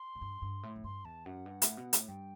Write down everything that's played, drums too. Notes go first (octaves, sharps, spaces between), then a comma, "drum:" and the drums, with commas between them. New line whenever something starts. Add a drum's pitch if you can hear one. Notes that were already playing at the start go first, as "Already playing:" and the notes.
Already playing: C6
A2
G2
G2
A2
F#2
G2 C6
E2 A5
F#2 F#5
G2
A2, drum: hi-hat
B2
A2, drum: hi-hat
G2 G5